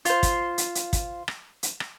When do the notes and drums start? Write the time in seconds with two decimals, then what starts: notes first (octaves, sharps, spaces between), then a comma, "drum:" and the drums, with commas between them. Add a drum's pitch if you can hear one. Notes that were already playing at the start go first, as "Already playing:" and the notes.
0.05 F4 C5, drum: hi-hat
0.23 drum: kick, hi-hat
0.58 drum: hi-hat
0.75 drum: hi-hat
0.93 drum: kick, hi-hat
1.28 drum: rim click
1.63 drum: hi-hat
1.80 drum: rim click